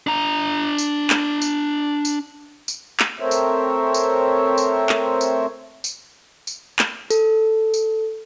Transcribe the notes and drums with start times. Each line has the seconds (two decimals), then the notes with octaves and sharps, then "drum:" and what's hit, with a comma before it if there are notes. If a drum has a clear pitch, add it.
0.07 D4 A#5
0.78 drum: tambourine
1.10 drum: clap
1.42 drum: tambourine
2.05 drum: tambourine
2.68 drum: tambourine
3.00 drum: clap
3.20 A3 C4 A#4 C5 C#5 E5
3.31 drum: tambourine
3.94 drum: tambourine
4.58 drum: tambourine
4.89 drum: clap
5.21 drum: tambourine
5.84 drum: tambourine
6.47 drum: tambourine
6.79 drum: clap
7.10 A4, drum: tambourine
7.74 drum: tambourine